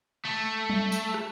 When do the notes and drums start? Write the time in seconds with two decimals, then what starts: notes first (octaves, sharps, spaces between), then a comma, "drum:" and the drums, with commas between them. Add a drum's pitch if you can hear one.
0.25 A3
0.70 drum: tom F#3
0.92 drum: tambourine
1.14 drum: rim click